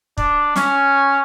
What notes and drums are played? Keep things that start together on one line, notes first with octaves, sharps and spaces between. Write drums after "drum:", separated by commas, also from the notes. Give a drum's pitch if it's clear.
D4, drum: kick
C#4, drum: snare